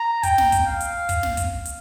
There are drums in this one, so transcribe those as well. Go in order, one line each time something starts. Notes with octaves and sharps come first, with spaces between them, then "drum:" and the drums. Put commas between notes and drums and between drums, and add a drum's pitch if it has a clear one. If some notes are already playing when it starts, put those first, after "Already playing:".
Already playing: A#5
G5, drum: kick, hi-hat
drum: snare
drum: kick, hi-hat
F5
drum: hi-hat
drum: kick, hi-hat
drum: snare
drum: kick, hi-hat
drum: hi-hat